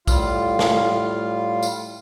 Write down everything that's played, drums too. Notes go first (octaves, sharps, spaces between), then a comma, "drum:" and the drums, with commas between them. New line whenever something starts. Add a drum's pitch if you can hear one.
A2 G3 F4 F5, drum: kick, tambourine
drum: snare
drum: tambourine